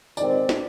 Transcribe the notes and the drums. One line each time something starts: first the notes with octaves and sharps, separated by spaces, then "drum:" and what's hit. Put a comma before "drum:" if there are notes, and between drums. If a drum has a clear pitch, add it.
D#3 G#3 C4 D5, drum: tambourine
drum: snare